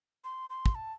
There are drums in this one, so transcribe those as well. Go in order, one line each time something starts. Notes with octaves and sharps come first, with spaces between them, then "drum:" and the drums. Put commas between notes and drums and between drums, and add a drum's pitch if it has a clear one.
C6
C6
drum: kick
A5